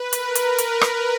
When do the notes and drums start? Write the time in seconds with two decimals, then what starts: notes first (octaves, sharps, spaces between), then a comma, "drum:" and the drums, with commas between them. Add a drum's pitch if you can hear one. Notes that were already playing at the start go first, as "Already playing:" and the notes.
Already playing: B4
0.13 A#4, drum: hi-hat
0.35 drum: hi-hat
0.58 drum: hi-hat
0.81 drum: rim click